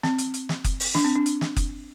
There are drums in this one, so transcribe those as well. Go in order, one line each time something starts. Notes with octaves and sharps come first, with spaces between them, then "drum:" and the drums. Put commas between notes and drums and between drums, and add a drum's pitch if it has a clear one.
C4, drum: snare
drum: hi-hat
drum: hi-hat
drum: snare
drum: kick F#1, hi-hat
drum: open hi-hat
D4, drum: snare
C4
D4
drum: hi-hat
drum: snare
drum: kick F#1, hi-hat